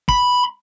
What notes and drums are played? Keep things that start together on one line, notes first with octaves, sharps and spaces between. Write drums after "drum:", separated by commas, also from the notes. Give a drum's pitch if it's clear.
B5, drum: kick